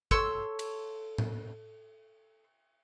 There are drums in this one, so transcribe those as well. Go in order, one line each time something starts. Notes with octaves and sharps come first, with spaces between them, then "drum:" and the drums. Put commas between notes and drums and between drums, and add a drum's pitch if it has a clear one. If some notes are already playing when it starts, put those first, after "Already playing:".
A4 C#5 C6 E6, drum: kick
drum: cymbal
drum: tom A2